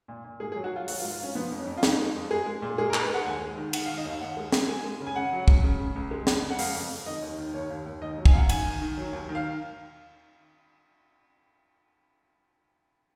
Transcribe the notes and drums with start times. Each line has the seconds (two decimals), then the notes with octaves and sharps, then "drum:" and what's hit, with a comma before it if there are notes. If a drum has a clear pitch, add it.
0.08 A#2
0.24 A#2
0.40 G#2 G#4
0.52 G#4
0.56 F#3
0.64 F#4
0.72 F#3 F4
0.88 F#3 F#4, drum: open hi-hat
1.00 F4
1.04 G#2
1.11 F4
1.19 F#3 C#4
1.35 F3 B3
1.51 F2
1.59 C#4
1.67 F2
1.78 F4
1.83 F2 D#4, drum: snare
1.99 G#3
2.15 F2
2.31 G#3 G#4
2.46 G#3
2.62 A#2
2.78 G#3 G#4
2.90 A#4
2.94 G#3, drum: clap
3.02 B4
3.09 G#3 F#5
3.26 D#2 G#5
3.42 G#3
3.57 D#3
3.73 D#3 F#5, drum: cymbal
3.86 F5
3.89 D#3
3.97 D#5
4.05 D#2 F5
4.21 D#2 F#5
4.37 G#3
4.52 G#3, drum: snare
4.68 G#3 G#5
4.84 G#3
5.00 C#3
5.07 G#5
5.16 C#3 F#5
5.32 F#3
5.48 C#2, drum: kick
5.64 C#3
5.80 C#3
5.96 C#2
6.11 G#3
6.27 F2, drum: snare
6.43 C#3
6.50 F#5
6.59 F2 F5, drum: open hi-hat
6.75 F2
6.91 F2
7.06 D#3 D#5
7.22 D#2
7.38 D#3
7.54 D#2 C#5
7.70 D#2
7.86 D#2
8.02 D#3 D#5
8.18 F#3
8.26 G#5, drum: kick
8.32 F#2 F5 F#5
8.49 D#3 G#5, drum: cymbal
8.65 D#3
8.82 D#3
8.97 F#3
9.13 D#2
9.29 D#3
9.35 F5